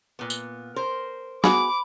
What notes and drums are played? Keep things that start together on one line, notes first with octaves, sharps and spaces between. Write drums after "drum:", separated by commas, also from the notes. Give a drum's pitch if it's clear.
A#2 B3
drum: tambourine
A#4 C5
B3 F#4 G#4 B5 D6, drum: snare